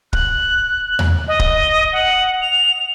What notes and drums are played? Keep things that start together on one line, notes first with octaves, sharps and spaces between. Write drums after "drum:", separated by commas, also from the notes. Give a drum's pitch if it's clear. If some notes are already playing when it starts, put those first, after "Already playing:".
F#6, drum: kick D1
drum: tom E2
D#5
drum: kick D1
F#5
F7